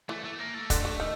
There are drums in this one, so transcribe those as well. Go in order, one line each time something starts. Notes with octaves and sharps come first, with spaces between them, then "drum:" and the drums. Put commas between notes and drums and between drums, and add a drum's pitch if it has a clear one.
E3 A3
A3
A#3
A3
D3, drum: kick F1, hi-hat
D3
D#3